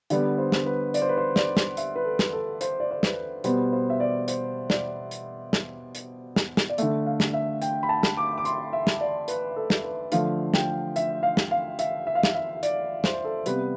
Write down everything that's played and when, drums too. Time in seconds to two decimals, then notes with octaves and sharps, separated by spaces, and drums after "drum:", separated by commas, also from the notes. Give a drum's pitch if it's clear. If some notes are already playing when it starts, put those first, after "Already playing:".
0.10 D3 G3 B3 D5, drum: hi-hat
0.38 C5
0.52 drum: snare
0.66 B4
0.94 D5, drum: hi-hat
1.02 C5
1.09 B4
1.17 C5
1.36 D5, drum: snare
1.57 drum: snare
1.77 E5, drum: hi-hat
1.96 B4
2.05 A4
2.19 drum: snare
2.33 A4
2.61 C5, drum: hi-hat
2.80 D5
2.91 C5
3.03 B4, drum: snare
3.44 B2 G3 B3 C5, drum: hi-hat
3.73 C5
3.90 E5
4.00 D5
4.28 C5, drum: hi-hat
4.70 D5, drum: snare
5.11 drum: hi-hat
5.53 drum: snare
5.95 drum: hi-hat
6.36 drum: snare
6.57 drum: snare
6.70 D5
6.78 D3 A3 E5, drum: hi-hat
7.06 F5
7.20 drum: snare
7.34 E5
7.62 G5, drum: hi-hat
7.83 B5
7.89 A5
8.03 drum: snare
8.17 D6
8.38 D6
8.45 C6, drum: hi-hat
8.73 E5
8.87 drum: snare
9.01 D5
9.28 B4, drum: hi-hat
9.56 A4
9.70 drum: snare
9.84 B4
10.12 D3 F3 A3 F5, drum: hi-hat
10.54 G5, drum: snare
10.96 E5, drum: hi-hat
11.23 F5
11.37 drum: snare
11.51 F5
11.79 E5, drum: hi-hat
12.07 E5
12.15 F5
12.23 E5, drum: snare
12.35 E5
12.63 D5, drum: hi-hat
13.04 C5, drum: snare
13.25 A4
13.46 C3 G3 B3 B4, drum: hi-hat